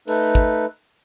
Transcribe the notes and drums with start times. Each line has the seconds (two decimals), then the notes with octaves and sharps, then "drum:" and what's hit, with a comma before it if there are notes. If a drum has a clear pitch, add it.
0.08 A3 D#4 A4 B4, drum: open hi-hat
0.35 drum: kick, hi-hat